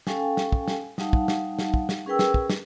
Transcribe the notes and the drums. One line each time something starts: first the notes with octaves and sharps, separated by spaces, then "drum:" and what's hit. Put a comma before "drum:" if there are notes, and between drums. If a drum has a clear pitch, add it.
C#4 A4 F5 G5 G#5, drum: snare
drum: snare
drum: kick
drum: snare
G3 D#4 F5 F#5 A5, drum: snare
drum: kick
drum: snare
drum: snare
drum: kick
drum: snare
C#4 G#4 A#4 B4 G5 E6
drum: snare
drum: kick
drum: snare